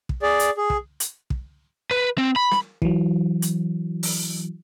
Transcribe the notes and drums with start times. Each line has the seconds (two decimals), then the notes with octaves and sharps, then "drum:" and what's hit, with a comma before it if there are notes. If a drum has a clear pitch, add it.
0.09 drum: kick
0.22 G#4 D5
0.40 drum: hi-hat
0.57 G#4
0.70 drum: kick
1.00 drum: hi-hat
1.30 drum: kick
1.91 B4
2.18 C4
2.36 B5
2.51 drum: snare
2.82 E3 F#3, drum: kick
3.42 drum: hi-hat
4.03 drum: open hi-hat